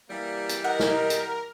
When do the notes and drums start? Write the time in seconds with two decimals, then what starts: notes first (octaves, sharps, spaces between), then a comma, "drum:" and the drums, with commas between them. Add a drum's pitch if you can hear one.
0.10 E3 G3 A#3
0.49 drum: hi-hat
0.64 A#4 D#5 F#5
0.80 drum: snare
1.10 drum: hi-hat